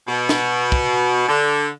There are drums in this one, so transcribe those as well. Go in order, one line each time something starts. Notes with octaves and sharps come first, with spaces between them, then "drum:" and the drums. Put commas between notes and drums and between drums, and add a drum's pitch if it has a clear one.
B2
drum: snare
drum: kick
D3